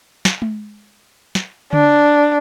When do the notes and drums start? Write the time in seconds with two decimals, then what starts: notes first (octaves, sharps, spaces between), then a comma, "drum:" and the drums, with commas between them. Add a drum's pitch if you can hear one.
0.25 drum: snare
0.42 drum: tom G#3
1.35 drum: snare
1.73 D4, drum: tom C#3